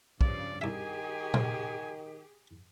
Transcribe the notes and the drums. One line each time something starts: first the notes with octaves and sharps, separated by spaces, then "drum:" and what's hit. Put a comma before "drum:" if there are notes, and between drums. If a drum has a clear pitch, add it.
G2 C#3 F3 D5, drum: kick
C2 D#3 G4 G#4 E5 G#5
drum: tom A#2